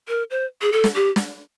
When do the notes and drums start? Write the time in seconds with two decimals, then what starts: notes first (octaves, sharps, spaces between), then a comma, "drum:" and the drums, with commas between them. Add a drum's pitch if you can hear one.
0.08 A#4
0.31 C5
0.62 G#4
0.72 A4
0.84 drum: snare
0.95 G4
1.16 drum: snare